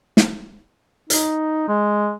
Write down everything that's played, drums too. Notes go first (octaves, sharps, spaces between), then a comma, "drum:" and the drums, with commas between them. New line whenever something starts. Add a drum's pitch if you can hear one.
drum: snare
D#4, drum: hi-hat
G#3